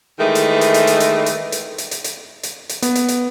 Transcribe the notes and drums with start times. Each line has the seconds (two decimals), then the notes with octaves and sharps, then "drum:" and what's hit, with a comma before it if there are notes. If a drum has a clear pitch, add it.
0.19 D#3 E3 G#3 A3
0.35 drum: hi-hat
0.61 drum: hi-hat
0.74 drum: hi-hat
0.87 drum: hi-hat
1.00 drum: hi-hat
1.26 drum: hi-hat
1.52 drum: hi-hat
1.78 drum: hi-hat
1.91 drum: hi-hat
2.04 drum: hi-hat
2.43 drum: hi-hat
2.69 drum: hi-hat
2.82 B3, drum: hi-hat
2.95 drum: hi-hat
3.08 drum: hi-hat